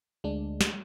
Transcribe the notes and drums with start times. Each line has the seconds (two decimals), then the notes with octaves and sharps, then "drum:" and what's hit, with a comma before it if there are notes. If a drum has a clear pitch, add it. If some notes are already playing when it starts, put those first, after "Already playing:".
0.24 D2 G#3 D4
0.61 drum: snare